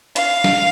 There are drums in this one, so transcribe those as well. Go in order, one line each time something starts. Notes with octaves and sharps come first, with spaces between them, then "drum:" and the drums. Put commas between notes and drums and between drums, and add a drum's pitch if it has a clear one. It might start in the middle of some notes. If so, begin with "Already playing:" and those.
F5, drum: hi-hat
drum: snare